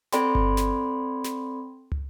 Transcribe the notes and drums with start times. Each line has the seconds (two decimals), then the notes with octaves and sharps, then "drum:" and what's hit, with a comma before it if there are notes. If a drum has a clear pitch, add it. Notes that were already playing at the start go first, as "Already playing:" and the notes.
0.12 C4 A4 D5 G5 B5 C6, drum: snare
0.35 drum: kick G1
0.57 drum: snare
1.24 drum: snare
1.92 drum: tom